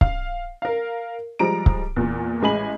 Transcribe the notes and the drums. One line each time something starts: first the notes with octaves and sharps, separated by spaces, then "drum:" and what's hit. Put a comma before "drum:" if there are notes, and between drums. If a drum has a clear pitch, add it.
F5, drum: kick C#1
A#4 F5
F3 G3 G#3 A#5 D7
drum: kick C#1
E2 A#2
A1 G#3 D#5 G#5 B5 F#7